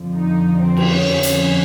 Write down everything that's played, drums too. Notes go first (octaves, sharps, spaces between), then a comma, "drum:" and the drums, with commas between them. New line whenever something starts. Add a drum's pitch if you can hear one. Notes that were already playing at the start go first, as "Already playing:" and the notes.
Already playing: F2 D3 F3
D#4
C4
drum: cymbal
C#4
C#4, drum: hi-hat